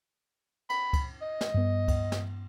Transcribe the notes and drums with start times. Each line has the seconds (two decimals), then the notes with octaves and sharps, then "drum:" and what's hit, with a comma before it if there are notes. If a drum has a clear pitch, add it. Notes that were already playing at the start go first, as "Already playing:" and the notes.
0.70 B5, drum: cymbal
0.93 drum: kick C#2, cymbal
1.22 D#5
1.41 drum: snare
1.54 G2 B3
1.88 drum: kick C#2, cymbal
2.12 drum: snare